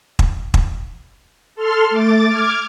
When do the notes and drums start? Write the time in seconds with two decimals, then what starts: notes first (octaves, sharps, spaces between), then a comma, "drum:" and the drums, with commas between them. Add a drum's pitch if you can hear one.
0.19 drum: kick
0.54 drum: kick
1.55 A4 C6 F6
1.90 A3 D6 A6
2.28 D6 F6 G#6